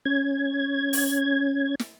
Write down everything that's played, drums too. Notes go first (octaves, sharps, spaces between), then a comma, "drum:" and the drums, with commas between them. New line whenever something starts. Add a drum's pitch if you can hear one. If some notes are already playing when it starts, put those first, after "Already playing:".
C#4 G#6
drum: open hi-hat
drum: snare